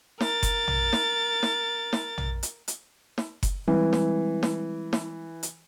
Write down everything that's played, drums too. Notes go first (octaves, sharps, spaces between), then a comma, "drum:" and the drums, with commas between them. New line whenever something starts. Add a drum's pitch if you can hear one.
A#4 A6, drum: snare
drum: kick F#1, hi-hat
drum: tom
drum: snare
drum: snare
drum: snare
drum: tom
drum: hi-hat
drum: hi-hat
drum: snare
drum: kick F#1, hi-hat
E3 G3 G#3 C4
drum: snare
drum: snare
drum: snare
drum: hi-hat